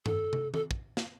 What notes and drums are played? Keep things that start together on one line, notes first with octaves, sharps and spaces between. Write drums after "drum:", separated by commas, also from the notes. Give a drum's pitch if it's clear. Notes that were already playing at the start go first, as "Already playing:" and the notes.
A4, drum: tom G2
drum: tom
A4, drum: tom D#3
drum: kick
drum: snare